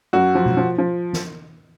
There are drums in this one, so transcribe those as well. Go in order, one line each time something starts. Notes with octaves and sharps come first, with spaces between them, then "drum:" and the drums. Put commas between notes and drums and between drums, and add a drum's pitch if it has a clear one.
F#2 F#4
F3
drum: tom B2
F3
F3
drum: snare